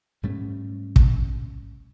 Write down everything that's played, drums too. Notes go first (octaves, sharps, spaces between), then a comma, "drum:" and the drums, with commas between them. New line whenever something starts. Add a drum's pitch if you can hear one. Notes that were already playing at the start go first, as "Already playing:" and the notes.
G#2 G3 A3 C#4
drum: kick